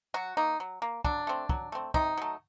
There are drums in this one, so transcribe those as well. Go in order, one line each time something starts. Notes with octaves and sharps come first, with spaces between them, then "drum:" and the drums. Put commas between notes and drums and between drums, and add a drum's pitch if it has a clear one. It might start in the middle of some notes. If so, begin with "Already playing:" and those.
F#3 F#4
A#3 D#4
F#3
A#3
F#3 D4, drum: kick
A3 C4
F#3, drum: kick
A3 C4
C3 D#4, drum: kick
F#3 A3